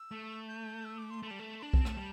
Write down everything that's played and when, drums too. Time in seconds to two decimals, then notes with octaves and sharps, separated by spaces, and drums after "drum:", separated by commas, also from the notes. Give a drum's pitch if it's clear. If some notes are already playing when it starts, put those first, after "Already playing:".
Already playing: E6
0.12 A3
0.48 G6
0.85 E6
0.98 D6
1.10 C6
1.22 A3 C6
1.28 G3 A5
1.39 A3
1.59 C6
1.62 D4 A5
1.73 C4, drum: kick B1
1.85 A3, drum: rim click
1.97 G3